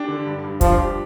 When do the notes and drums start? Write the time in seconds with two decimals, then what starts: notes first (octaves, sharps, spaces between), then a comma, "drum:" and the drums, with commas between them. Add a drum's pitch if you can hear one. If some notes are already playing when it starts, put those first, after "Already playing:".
Already playing: D4 G4
0.08 D3
0.26 G2
0.44 G2
0.61 F3 D4, drum: kick, hi-hat
0.78 G4